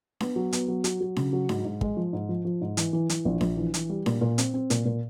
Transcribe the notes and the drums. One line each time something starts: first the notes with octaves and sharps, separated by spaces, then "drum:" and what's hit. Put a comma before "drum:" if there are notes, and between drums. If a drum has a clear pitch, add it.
B3, drum: snare D4
F#3
B3, drum: hi-hat
F#3
F#3, drum: hi-hat
F#3
C#3, drum: snare D4
F#3
G#2, drum: snare D4
G#2
G#3, drum: kick
F3
G#2
F3
F3
G#2
E3, drum: hi-hat
E3
E3, drum: hi-hat
A#1
A#1, drum: snare D4
E3
E3, drum: hi-hat
G3
A#2, drum: snare D4
A#2
C4, drum: hi-hat
C4
A#2, drum: hi-hat
A#2